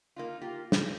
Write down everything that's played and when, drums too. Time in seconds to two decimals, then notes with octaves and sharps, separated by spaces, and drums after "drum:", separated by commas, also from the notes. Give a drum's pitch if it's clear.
0.16 A#3 D#4 F4
0.41 A#3 F4 G4
0.72 D#4, drum: snare